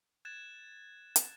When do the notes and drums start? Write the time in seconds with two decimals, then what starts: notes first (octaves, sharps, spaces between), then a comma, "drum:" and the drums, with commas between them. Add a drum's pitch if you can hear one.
0.25 F#6 G#6 A6 E7
1.16 drum: hi-hat